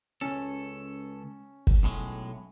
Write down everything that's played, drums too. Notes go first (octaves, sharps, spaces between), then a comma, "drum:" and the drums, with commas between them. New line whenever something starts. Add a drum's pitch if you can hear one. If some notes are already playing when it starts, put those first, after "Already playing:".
C#2 C#4 A4
drum: kick
B1 A2 G#3